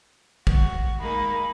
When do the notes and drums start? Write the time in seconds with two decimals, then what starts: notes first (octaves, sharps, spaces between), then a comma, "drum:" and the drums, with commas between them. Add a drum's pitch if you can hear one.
0.47 F#4, drum: kick
1.00 G#3 A#3 D#4 B5